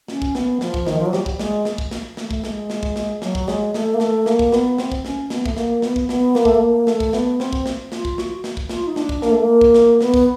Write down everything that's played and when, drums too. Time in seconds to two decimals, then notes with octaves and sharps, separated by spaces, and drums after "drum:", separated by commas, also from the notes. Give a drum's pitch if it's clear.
0.08 C#4, drum: snare
0.22 drum: kick
0.35 B3, drum: snare
0.61 F3, drum: snare
0.74 drum: kick
0.87 D#3, drum: snare
0.98 F3
1.06 F#3
1.13 G3, drum: snare
1.26 drum: kick
1.39 G#3, drum: snare
1.65 drum: snare
1.78 drum: kick
1.91 drum: snare
2.17 A3, drum: snare
2.31 drum: kick
2.44 G#3, drum: snare
2.70 drum: snare
2.83 drum: kick
2.96 drum: snare
3.22 F#3, drum: snare
3.35 drum: kick
3.48 G#3, drum: snare
3.74 A3, drum: snare
3.94 A#3
4.00 A3, drum: snare
4.26 A#3, drum: snare
4.39 drum: kick
4.52 B3, drum: snare
4.78 C4, drum: snare
4.92 drum: kick
5.05 C#4, drum: snare
5.30 B3, drum: snare
5.46 A3, drum: kick
5.57 A#3, drum: snare
5.82 B3, drum: snare
5.96 drum: kick
6.09 B3, drum: snare
6.35 A#3, drum: snare
6.45 A3, drum: kick
6.55 A#3
6.87 A3, drum: snare
7.00 drum: kick
7.13 B3, drum: snare
7.40 C4, drum: snare
7.53 drum: kick
7.66 drum: snare
7.92 F4, drum: snare
8.05 drum: kick
8.18 F#4, drum: snare
8.44 drum: snare
8.57 drum: kick
8.69 F4, drum: snare
8.87 D#4
8.96 D4, drum: snare
9.09 drum: kick
9.22 A#3, drum: snare
9.31 A3
9.41 A#3
9.61 drum: kick
9.74 drum: snare
10.01 B3, drum: snare
10.14 drum: kick